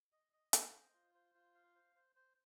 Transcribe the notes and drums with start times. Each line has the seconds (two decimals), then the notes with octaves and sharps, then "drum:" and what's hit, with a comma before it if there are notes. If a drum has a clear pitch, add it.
0.12 D#5
0.33 D#5
0.53 D#5, drum: hi-hat
0.74 C5
0.94 F4
1.15 C5
1.35 F4
1.55 F5
1.75 C5
1.96 C5
2.16 C5